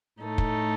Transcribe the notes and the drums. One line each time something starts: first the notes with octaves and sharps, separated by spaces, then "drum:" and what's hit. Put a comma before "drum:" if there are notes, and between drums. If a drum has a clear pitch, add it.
A2 A3 D#4 A4
drum: kick